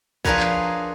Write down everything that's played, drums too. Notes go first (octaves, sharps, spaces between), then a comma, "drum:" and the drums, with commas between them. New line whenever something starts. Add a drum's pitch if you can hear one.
F3 D4 G#4 A#4 B4 C#5, drum: kick
drum: clap